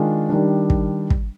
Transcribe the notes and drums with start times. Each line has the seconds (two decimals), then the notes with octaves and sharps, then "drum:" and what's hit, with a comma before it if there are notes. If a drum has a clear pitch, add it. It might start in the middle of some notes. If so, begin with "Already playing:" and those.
Already playing: D#3 G#3 D4 F4
0.29 D#3 G3 D4
0.70 drum: kick
1.10 drum: kick